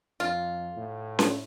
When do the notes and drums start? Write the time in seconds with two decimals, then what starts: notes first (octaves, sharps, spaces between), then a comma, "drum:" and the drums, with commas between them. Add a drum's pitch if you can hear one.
0.20 F2 F4
0.77 A2
1.19 drum: snare C#4